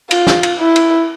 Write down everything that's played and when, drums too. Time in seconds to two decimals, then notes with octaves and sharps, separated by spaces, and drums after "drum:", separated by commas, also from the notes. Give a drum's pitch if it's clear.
0.11 F4, drum: cymbal
0.27 drum: snare
0.43 drum: cymbal
0.60 E4
0.76 drum: cymbal